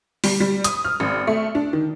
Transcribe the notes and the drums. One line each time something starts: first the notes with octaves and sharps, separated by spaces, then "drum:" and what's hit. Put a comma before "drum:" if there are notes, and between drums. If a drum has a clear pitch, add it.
G3, drum: open hi-hat
G3
D#6, drum: hi-hat
F6
G#1
A3
D4
D#3